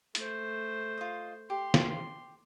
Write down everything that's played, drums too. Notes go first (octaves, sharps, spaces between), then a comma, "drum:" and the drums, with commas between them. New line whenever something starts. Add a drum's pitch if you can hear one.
A3 C5, drum: hi-hat
F4 D#5
G4 C6
drum: snare